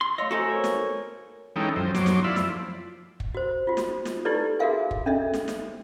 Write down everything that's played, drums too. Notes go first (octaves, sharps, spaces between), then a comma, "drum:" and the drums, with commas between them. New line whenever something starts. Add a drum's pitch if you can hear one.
C6
A3 C#5 D#5 F5 E6
F#4 A4 C5 D#5 G#5 A#5
A#4 C#5 C#6
drum: snare
E3 G#3 C#4 D#4 A4 G5
F#2 F3 C5
F#2 F#3 C6 D6, drum: snare
drum: snare
E4 D5 F5 B5 E6
F3, drum: snare
drum: kick
F#4 C5
F4 F#4
drum: snare
drum: snare
D#4 E4 G4 A4 B4 D5
F#4 G#4 A#4 E5 F5 G#5
drum: kick
C#4 D4 A4 D#5 E5
drum: snare
drum: snare